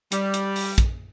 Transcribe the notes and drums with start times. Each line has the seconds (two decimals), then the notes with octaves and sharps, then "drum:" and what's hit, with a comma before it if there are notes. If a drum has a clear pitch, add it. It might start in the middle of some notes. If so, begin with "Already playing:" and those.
0.12 G3, drum: hi-hat
0.34 drum: hi-hat
0.56 drum: open hi-hat
0.78 drum: kick, hi-hat